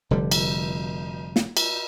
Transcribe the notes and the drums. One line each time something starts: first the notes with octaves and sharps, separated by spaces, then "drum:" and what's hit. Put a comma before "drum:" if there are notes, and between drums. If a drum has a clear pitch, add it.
F1 D3 G3
drum: cymbal
drum: snare
drum: cymbal